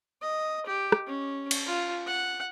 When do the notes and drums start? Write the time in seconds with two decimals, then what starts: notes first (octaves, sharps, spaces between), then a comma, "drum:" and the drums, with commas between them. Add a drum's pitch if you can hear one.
0.22 D#5
0.66 G4
0.92 drum: rim click
1.07 C#4
1.51 drum: cymbal
1.67 F4
2.07 F#5